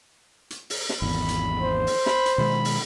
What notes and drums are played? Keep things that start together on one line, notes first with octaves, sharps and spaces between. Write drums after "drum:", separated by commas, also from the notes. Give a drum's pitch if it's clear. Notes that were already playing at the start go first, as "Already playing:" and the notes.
drum: hi-hat
drum: open hi-hat
drum: snare
G#1 E2 B5
drum: hi-hat
C5
drum: open hi-hat
B5, drum: snare
drum: hi-hat
B2 D#3 G#3 B5
drum: open hi-hat